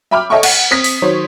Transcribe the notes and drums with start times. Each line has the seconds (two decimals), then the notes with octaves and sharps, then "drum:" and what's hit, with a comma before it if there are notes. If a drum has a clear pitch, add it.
0.11 E5 G5 B5 D6 F6
0.30 A4 C#5 D#5 E5 G5 C#6
0.43 F#5, drum: cymbal
0.71 C4 D#6 B6
0.84 drum: open hi-hat
1.02 D#3 F#3 C5 C#5